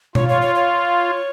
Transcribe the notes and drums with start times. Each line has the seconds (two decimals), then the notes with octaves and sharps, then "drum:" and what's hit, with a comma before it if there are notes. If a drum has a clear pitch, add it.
0.15 F4 C#5, drum: tom B2
0.29 C#5
0.42 C#5
0.55 C#5